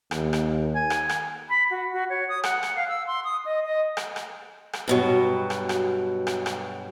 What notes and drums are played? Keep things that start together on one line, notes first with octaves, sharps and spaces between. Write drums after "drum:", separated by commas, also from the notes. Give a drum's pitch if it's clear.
D#2, drum: rim click
drum: rim click
G#5
drum: rim click
drum: rim click
B5
F#4
F#4
C#5
D#6
F#5, drum: rim click
drum: rim click
F5
E6
C6
D#6
D#5
D#5
drum: rim click
drum: rim click
drum: rim click
G2 B2 F#3
drum: rim click
drum: rim click
drum: rim click
drum: rim click